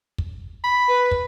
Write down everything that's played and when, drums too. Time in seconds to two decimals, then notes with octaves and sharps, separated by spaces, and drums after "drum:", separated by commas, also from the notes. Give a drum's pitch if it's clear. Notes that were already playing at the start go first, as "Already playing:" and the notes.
0.18 drum: kick
0.64 B5
0.88 B4
1.11 drum: kick